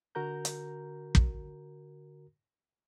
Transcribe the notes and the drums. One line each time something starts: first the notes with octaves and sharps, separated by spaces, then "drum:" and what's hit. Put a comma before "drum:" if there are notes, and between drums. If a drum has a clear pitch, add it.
D3 F#4 A#4 A#5 G6
drum: hi-hat
drum: kick